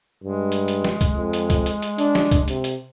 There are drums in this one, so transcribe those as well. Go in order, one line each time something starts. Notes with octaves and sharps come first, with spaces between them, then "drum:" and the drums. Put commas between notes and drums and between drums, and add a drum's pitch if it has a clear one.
G2 G#3
drum: hi-hat
drum: hi-hat
drum: snare
drum: kick, hi-hat
F2
drum: hi-hat
drum: kick, hi-hat
drum: hi-hat
drum: hi-hat
D4, drum: hi-hat
drum: snare
drum: kick, hi-hat
C3, drum: hi-hat
drum: hi-hat